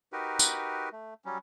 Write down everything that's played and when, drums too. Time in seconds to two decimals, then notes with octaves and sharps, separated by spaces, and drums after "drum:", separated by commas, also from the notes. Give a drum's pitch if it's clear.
0.13 D#4 F#4 G4 A#4 B4
0.39 drum: tambourine
0.93 A3
1.25 F#3 G3 C#4